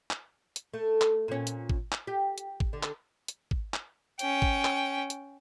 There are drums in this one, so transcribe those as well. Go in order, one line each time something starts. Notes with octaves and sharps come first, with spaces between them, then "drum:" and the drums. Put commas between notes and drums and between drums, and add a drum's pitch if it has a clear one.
drum: clap
drum: hi-hat
A3
drum: clap
A#2 C#4
drum: hi-hat
drum: kick
drum: clap
G4
drum: hi-hat
drum: kick
D3
drum: clap
drum: hi-hat
drum: kick
drum: clap
C#4 G5, drum: hi-hat
drum: kick
drum: clap
drum: hi-hat